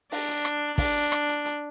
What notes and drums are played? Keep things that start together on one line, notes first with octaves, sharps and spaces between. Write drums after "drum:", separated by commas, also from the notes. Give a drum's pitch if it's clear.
D4, drum: open hi-hat
drum: hi-hat
drum: rim click
D4, drum: kick, open hi-hat
drum: rim click
drum: hi-hat
drum: hi-hat